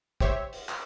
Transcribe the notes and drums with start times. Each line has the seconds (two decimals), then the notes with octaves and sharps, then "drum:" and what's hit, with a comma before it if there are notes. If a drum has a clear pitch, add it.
0.20 G4 C5 C#5 E5, drum: kick
0.53 drum: open hi-hat
0.69 drum: clap